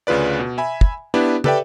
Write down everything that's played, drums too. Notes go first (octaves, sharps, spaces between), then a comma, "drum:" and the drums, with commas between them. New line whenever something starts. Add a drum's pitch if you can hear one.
D2 C#3 F4 B4 D5
B2
E5 G#5 B5
drum: kick
B3 D4 E4 G4 B4
G4 A4 B4 D5 E5 G5, drum: tom